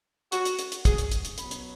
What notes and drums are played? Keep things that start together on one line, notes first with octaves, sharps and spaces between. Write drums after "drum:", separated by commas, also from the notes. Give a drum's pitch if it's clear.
F#4, drum: hi-hat
drum: hi-hat
drum: hi-hat
drum: hi-hat
G#4, drum: kick, hi-hat
drum: hi-hat
drum: hi-hat
drum: hi-hat
B2 F#3 B3 B5, drum: hi-hat
drum: hi-hat